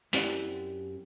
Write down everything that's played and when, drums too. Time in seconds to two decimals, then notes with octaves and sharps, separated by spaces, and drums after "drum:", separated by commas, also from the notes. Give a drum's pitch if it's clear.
0.13 F#2 C4 E4 G4 D5 F#5, drum: hi-hat